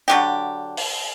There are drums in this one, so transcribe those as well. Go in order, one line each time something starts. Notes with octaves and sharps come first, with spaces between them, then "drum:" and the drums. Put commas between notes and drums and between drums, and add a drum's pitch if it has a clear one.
D3 F#3 G4
drum: open hi-hat